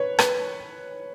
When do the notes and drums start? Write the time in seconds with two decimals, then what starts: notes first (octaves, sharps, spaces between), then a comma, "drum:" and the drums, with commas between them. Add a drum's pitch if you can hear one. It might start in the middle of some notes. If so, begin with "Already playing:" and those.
Already playing: B4 C#5
0.19 B4, drum: rim click